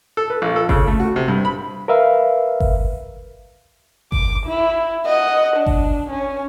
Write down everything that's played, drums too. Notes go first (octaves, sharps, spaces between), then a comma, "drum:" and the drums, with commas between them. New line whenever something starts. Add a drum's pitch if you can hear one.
A4
B4
A#1
A4
C#3, drum: kick G1
A3
F#4
C3
G2
B5
A#4 B4 E5 F5
drum: kick G1
D6, drum: kick G1
E4
D#5 F#5
D4
drum: kick G1
C#4